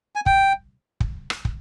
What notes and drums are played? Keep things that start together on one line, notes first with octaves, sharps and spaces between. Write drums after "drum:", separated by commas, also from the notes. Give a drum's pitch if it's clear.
G#5
G5, drum: kick
drum: kick
drum: rim click
drum: kick